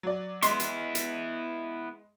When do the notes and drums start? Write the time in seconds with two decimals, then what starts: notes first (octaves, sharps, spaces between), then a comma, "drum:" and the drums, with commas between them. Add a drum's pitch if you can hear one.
0.03 F#3 D5
0.42 G#3 B3 E4 C6, drum: hi-hat
0.60 drum: hi-hat
0.95 drum: hi-hat